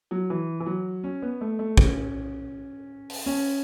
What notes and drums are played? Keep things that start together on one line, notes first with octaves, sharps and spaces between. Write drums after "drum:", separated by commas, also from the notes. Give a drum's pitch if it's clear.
F#3
E3
E3
F#3
C#4
B3
A3
A3
C#4, drum: kick
drum: open hi-hat
C#4